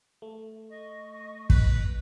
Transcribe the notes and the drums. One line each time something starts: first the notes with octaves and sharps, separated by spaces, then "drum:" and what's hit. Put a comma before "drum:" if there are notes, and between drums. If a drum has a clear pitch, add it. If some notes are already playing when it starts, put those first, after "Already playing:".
A3
D#5 C#6
B4, drum: kick